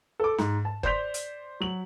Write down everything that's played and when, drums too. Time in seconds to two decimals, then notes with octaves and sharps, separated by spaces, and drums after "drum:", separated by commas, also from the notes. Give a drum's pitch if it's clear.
0.20 A4 D6
0.38 G#2, drum: snare
0.65 A5
0.83 C5 D5 C6 G6 B6 F7, drum: kick
1.14 drum: hi-hat
1.60 F#3 F#7